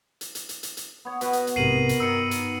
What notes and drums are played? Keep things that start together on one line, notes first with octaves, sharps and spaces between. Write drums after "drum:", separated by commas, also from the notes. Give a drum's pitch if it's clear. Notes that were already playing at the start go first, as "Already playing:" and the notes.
drum: hi-hat
drum: hi-hat
drum: hi-hat
drum: hi-hat
drum: hi-hat
B3 C#5
B2 B3 F#4 B4, drum: hi-hat
drum: hi-hat
drum: hi-hat
B1 G#2 C3 A#4 C7 D#7 F#7
drum: hi-hat
G2 D#3 D#4 E6 C#7
drum: hi-hat